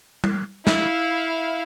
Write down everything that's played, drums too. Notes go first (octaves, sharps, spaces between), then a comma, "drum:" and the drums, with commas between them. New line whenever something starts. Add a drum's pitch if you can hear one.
drum: tom G3
E4 F5, drum: snare